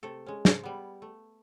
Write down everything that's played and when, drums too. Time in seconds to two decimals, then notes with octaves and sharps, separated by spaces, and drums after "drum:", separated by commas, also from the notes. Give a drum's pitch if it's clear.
0.03 C3 A3 A4
0.26 G#3 C#4
0.45 C5, drum: snare
0.63 G3 B3
1.02 A3